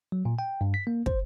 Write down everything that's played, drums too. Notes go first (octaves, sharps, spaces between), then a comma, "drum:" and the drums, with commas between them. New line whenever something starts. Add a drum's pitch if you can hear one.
F#3
A#2
G5
G2
B6
A#3
C5, drum: kick